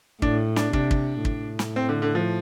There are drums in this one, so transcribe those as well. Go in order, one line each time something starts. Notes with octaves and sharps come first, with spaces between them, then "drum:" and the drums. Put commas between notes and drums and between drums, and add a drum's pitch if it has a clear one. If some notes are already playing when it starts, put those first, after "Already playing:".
A2 D4, drum: kick
D4, drum: snare
C3 D4, drum: kick
drum: kick
A2, drum: kick
drum: snare
C4
D3
D3
F3